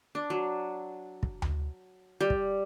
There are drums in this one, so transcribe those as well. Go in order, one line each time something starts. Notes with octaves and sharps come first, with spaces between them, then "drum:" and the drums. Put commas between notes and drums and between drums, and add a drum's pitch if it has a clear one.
D4
F#3
drum: kick
drum: tom D2
G3
drum: kick